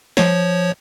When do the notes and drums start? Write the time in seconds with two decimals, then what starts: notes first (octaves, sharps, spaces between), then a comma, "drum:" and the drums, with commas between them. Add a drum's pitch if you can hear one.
0.17 F3 C#5, drum: snare